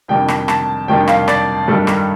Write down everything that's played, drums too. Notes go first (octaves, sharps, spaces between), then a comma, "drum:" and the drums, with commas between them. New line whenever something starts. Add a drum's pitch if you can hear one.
F2 C3 D#3 G3 D4 G5
drum: rim click
A5, drum: rim click
F2 C3 D#3 G3 D4 G5
F5, drum: rim click
D5, drum: rim click
G2 D#3 G3 D4 A4
A#4, drum: rim click